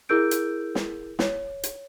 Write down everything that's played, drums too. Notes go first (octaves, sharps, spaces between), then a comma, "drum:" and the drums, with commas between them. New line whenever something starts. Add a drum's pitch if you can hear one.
E4 G#4 A#4 E6 G6 D7
drum: hi-hat
drum: snare
C#5, drum: snare
drum: hi-hat